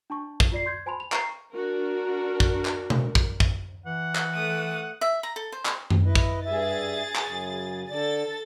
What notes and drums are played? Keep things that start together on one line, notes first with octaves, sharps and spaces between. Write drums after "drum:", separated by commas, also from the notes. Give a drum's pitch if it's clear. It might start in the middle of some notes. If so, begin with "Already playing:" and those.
D4 A5 C#6
drum: kick
F4 D5 C7
C6 G6 G#6
C5 G#5 A5 B5 C6 F7
F7
A#5 C#6 C7, drum: clap
D4 F#4 A#4
drum: kick
drum: clap
drum: tom B2
drum: kick
drum: kick
E3 F#5
drum: clap
A3 D#6
E5
A#5
A4
C5
drum: clap
drum: tom F#2
E4 B4 D#5
drum: kick
G2 G#4 E5 A6
drum: clap
F#2 C#3
D3 A4 D5 A6